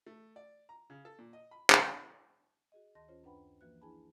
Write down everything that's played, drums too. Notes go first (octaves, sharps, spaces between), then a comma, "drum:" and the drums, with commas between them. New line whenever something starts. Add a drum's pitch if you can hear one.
A3
D5
A#5
C#3
A4
A#2
D#5
B5
C#3, drum: clap
F#4 G#4 D#5
D2 D#3 D#5 A5 C6 A#6
C#4 F4 C5 C#5
F#2 D4 B4 F#5 G5 B5
E3 F3 A#3 F#4 B4 F#6
D4 E4 G#4 G#5 A5 B5